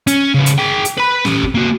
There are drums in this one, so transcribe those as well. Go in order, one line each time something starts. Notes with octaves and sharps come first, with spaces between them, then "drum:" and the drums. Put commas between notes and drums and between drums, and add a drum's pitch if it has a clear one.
C#4, drum: hi-hat
C#3 B3
drum: hi-hat
G#4 G5
drum: hi-hat
B4 B5
C#4 G4, drum: snare
drum: kick
A#3 F#4